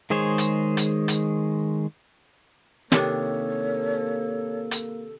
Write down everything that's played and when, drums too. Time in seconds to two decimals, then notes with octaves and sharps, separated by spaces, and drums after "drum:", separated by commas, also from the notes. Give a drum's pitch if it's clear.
0.10 D#3 G#3 G#4 C5 C#5
0.38 drum: hi-hat
0.77 drum: hi-hat
1.08 drum: hi-hat
2.92 C3 D#3 A#3 D4 A4 C#5, drum: snare
4.71 drum: hi-hat